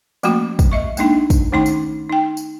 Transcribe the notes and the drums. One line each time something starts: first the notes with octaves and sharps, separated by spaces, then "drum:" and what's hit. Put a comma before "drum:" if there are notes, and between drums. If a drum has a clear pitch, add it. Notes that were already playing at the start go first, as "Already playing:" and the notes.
F3 A3 A#3 C#4 F#4 D6, drum: tambourine
drum: kick, tambourine
D#5 E5 C#6
G#3 A#3 D4 D#4 G5, drum: tambourine
drum: kick, tambourine
D#3 A3 C#4 D#4 G5 C6
drum: tambourine
D#4 G5
drum: tambourine